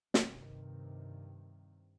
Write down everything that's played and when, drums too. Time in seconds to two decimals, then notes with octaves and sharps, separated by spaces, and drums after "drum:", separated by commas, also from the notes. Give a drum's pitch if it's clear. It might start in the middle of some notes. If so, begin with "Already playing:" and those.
0.14 G2 C3 D#3, drum: snare